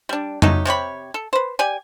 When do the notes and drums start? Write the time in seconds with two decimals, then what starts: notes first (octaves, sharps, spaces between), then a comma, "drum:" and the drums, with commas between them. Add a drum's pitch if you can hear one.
0.09 G3 D4
0.42 F#3 A3 D#4 G4, drum: tom F2
0.65 C3 G4 C#5 B5
1.14 A4
1.33 B4 C5
1.59 G4 D5 G#5